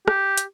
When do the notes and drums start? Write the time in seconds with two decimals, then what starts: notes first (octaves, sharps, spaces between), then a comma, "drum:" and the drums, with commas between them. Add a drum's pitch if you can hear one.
0.08 G4, drum: rim click
0.37 drum: hi-hat